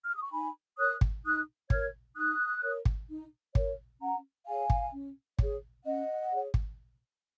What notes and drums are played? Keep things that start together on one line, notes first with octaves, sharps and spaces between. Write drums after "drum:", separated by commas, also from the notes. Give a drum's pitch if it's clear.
F6
D#6
C#6
D#4 G#5 B5
A#4 C#5 D#6 F#6
drum: kick
D#4 D#6 F#6
A#4 C#5 F6 G#6, drum: kick
D#4 D#6 F#6
A#4 C#5
drum: kick
D#4
A#4 C#5, drum: kick
C#4 F#5 A#5
G#4 C#5 F5 G#5
drum: kick
C#4
G#4 C#5, drum: kick
C#4 D#5 F#5
G#4 C#5
drum: kick